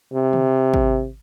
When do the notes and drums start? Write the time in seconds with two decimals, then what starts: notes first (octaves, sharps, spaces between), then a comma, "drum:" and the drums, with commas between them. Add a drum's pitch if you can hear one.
0.13 C3
0.33 drum: tom
0.74 drum: kick